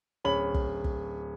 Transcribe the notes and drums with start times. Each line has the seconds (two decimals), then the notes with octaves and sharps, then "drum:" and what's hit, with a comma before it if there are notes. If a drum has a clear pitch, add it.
0.25 D1 C#4 B5 F#7
0.54 drum: kick
0.84 drum: kick